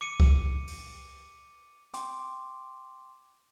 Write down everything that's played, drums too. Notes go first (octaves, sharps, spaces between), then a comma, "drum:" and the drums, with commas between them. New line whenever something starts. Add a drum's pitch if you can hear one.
D6 C#7 D#7
drum: kick C2
drum: open hi-hat
G5 C6 D6, drum: hi-hat